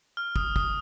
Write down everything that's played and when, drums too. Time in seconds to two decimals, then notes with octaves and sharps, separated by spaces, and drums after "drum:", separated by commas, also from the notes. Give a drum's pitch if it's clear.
0.17 F6
0.36 D#6, drum: kick
0.56 D#6, drum: kick